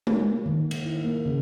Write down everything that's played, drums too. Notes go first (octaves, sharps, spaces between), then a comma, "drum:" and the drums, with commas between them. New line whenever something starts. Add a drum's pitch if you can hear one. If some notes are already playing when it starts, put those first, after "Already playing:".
A#3, drum: tom G#3
D#3
drum: cymbal
E4
A#3
C#3